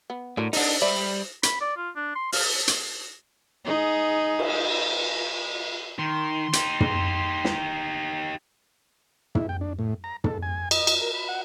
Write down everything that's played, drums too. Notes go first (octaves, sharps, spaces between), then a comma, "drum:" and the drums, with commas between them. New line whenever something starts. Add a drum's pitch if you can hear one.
B3
A2 D3 F#3 A#4
D4 D#4 A#4 F#5, drum: open hi-hat
G3 C5 D5 E5 B5
B5, drum: hi-hat
D5
F4
D4
C6
F5, drum: open hi-hat
drum: hi-hat
D#4 G#4
drum: cymbal
D#3 C6
D#4 G4, drum: hi-hat
drum: tom
drum: snare
E4, drum: tom
G5
D4
A2
A#5
A4, drum: tom
G#5
D#5, drum: cymbal
drum: cymbal
A#4
B5
F#5